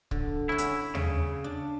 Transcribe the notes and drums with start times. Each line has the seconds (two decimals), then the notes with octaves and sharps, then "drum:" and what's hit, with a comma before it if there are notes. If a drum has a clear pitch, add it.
0.11 D3, drum: kick
0.49 C#4 E4 F#4
0.58 drum: hi-hat
0.95 C#3, drum: tom D#2
1.44 D4